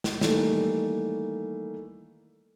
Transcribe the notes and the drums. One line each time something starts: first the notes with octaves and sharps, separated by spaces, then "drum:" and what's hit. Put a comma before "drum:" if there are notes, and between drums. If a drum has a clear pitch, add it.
drum: snare
D#3 E3 G3 A3 A#3, drum: snare